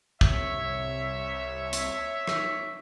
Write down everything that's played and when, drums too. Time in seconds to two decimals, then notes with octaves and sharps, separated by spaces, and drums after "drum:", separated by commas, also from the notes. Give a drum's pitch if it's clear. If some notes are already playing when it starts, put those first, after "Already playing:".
0.21 C2 C#5 E5, drum: kick
1.73 drum: hi-hat
2.27 drum: rim click